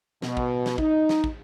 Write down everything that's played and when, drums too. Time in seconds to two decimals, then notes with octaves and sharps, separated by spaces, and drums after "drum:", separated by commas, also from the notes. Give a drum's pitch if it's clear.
0.22 B2, drum: snare
0.37 drum: kick
0.66 drum: snare
0.78 D#4, drum: kick
1.09 drum: snare
1.24 drum: kick